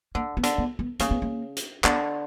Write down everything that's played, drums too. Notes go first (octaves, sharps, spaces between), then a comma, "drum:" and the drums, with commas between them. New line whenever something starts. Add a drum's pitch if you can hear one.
D3 A#3
B3
D3, drum: hi-hat
B3
B3
C#3 A#3, drum: hi-hat
B3
A#3
drum: hi-hat
D3 B3, drum: clap